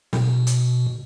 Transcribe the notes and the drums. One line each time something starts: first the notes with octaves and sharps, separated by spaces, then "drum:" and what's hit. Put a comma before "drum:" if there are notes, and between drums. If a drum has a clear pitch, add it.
B2, drum: snare
drum: hi-hat